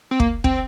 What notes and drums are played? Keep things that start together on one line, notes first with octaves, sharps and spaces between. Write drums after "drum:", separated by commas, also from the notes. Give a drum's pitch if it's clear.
C4
A#3, drum: kick
C4, drum: kick